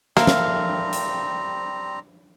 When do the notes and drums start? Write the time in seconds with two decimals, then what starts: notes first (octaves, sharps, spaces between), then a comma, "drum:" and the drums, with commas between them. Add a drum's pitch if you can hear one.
0.17 G3 A#3 C4 A4 E5 F5 A#5, drum: snare
0.27 drum: snare
0.93 drum: hi-hat